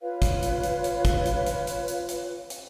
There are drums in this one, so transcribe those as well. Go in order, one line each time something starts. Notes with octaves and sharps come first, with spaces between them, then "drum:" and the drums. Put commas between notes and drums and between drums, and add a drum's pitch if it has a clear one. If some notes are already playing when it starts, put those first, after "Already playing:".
F4 B4 C#5 F5
drum: kick, hi-hat
drum: hi-hat
drum: hi-hat
drum: hi-hat
drum: kick, hi-hat
drum: hi-hat
drum: hi-hat
drum: hi-hat
drum: hi-hat
drum: hi-hat
drum: hi-hat